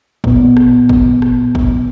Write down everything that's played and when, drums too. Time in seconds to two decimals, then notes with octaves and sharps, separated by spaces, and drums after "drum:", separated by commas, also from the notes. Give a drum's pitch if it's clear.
0.24 A#2 B3, drum: kick
0.57 drum: rim click
0.89 drum: kick
1.22 drum: rim click
1.55 drum: kick